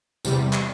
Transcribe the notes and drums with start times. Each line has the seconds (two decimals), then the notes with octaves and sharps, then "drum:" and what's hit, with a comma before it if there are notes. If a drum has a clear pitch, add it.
0.25 E2 C3 G3, drum: tambourine
0.53 drum: clap